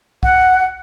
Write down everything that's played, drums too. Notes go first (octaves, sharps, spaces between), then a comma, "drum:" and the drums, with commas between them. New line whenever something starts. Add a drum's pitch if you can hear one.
F#5, drum: kick